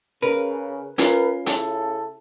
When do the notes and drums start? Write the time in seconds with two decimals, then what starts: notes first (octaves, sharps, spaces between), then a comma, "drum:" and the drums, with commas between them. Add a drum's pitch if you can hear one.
0.22 C#3 A#4 B4
0.98 C#4 F4 A#4 B4, drum: hi-hat
1.46 C#3 E4 A4, drum: hi-hat